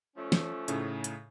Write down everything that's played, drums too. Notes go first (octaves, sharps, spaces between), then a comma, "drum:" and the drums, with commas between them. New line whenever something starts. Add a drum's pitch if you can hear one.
F3 A3 C#4
drum: snare
A2 C#3 D#4, drum: hi-hat
drum: hi-hat